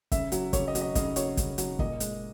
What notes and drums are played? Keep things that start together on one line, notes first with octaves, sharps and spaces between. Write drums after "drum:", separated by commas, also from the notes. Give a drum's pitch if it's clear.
C#3 E5, drum: kick, hi-hat
F#3, drum: hi-hat
C#3 C#5, drum: kick, hi-hat
D#5
F#3, drum: hi-hat
D#5
C#3 D#5, drum: kick, hi-hat
F#3 C#5, drum: hi-hat
C#3, drum: kick, hi-hat
F#3, drum: hi-hat
A#2 D#5, drum: kick
G#3, drum: hi-hat